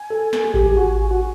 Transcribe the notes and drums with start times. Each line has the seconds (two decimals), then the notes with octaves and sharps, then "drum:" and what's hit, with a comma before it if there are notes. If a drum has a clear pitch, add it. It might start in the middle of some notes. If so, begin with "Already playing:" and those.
Already playing: G#5
0.10 A4
0.33 drum: snare
0.44 G#4
0.54 G4, drum: kick A1
0.64 G#4
0.71 G4
0.77 F#4
1.11 F#4